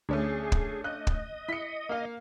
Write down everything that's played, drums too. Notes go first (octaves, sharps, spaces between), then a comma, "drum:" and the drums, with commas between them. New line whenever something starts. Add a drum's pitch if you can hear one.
D2 A3 C#4 D4 G#4
drum: kick
D#5 F5 F#6
drum: kick
E4 B6 C#7
A#3 F5